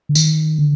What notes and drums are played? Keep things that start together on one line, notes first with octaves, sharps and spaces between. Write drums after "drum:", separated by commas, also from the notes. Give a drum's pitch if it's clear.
D3
D#3, drum: tambourine
D3